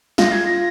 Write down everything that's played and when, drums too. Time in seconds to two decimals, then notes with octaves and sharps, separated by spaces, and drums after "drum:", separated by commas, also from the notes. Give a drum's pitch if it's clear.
0.18 F4 A#6, drum: snare
0.32 G#6
0.46 A#6